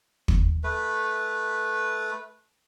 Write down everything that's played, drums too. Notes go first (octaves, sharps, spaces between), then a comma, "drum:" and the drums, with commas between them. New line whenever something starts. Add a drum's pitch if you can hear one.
drum: kick
A3 B4